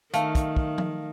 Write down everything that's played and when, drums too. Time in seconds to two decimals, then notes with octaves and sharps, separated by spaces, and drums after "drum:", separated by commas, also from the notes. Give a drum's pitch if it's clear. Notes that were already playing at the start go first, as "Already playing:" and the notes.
0.14 D#3 A3 F5, drum: hi-hat
0.35 drum: kick, hi-hat
0.56 drum: kick
0.78 drum: tom F3